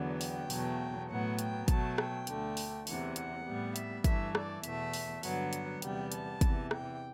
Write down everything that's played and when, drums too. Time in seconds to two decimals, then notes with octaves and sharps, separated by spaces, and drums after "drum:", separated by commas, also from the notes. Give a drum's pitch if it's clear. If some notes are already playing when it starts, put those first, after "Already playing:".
Already playing: E2 D3 F#3 B3
0.21 G5, drum: open hi-hat
0.50 E2 B2 F#3 A3, drum: open hi-hat
1.09 A2 F#3 B3 F#5
1.39 G5, drum: hi-hat
1.68 B2 F#3 A3 A5, drum: kick, hi-hat
1.98 G5, drum: rim click
2.27 D2 D3 A3, drum: hi-hat
2.57 drum: open hi-hat
2.87 E2 C3 E3 F#5, drum: open hi-hat
3.16 F#5, drum: hi-hat
3.46 A2 G3 B3
3.76 E5, drum: hi-hat
4.04 G2 E3 A3 E5, drum: kick, hi-hat
4.35 D5, drum: rim click
4.64 E2 B2 A3 E5, drum: hi-hat
4.94 drum: open hi-hat
5.23 G2 D3 F#3 B3 F#5, drum: open hi-hat
5.53 drum: hi-hat
5.82 E2 C3 G3 B3 G5, drum: hi-hat
6.12 A5, drum: hi-hat
6.41 E2 C3 E3, drum: kick, hi-hat
6.71 G5, drum: rim click